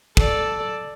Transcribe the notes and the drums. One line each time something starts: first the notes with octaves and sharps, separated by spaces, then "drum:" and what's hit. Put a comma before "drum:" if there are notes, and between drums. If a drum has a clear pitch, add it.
A4 D5, drum: kick